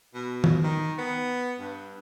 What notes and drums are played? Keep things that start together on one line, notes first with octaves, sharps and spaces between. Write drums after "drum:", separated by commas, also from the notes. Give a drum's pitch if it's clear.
B2
drum: tom D#3
D#3
B3
G2